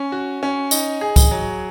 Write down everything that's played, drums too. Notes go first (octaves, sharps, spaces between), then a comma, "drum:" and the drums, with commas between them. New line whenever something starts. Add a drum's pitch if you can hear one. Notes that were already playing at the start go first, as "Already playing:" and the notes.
Already playing: C#4
F#4
C#4
D#4, drum: tambourine
G#4
drum: kick, tambourine
F#3